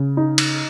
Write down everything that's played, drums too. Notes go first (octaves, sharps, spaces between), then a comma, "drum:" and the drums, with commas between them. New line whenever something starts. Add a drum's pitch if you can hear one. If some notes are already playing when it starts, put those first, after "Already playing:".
Already playing: C#3
D#4
drum: cymbal